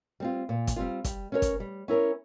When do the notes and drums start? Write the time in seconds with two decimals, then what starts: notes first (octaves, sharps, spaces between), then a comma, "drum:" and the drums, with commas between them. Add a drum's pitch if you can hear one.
0.20 G3 C4 F4
0.49 A#2
0.67 drum: kick, hi-hat
0.76 G3 C4 F4
1.04 G3, drum: kick, hi-hat
1.32 C#4 E4 A#4 C#5
1.42 drum: kick, hi-hat
1.60 G3
1.88 C#4 E4 A#4 C#5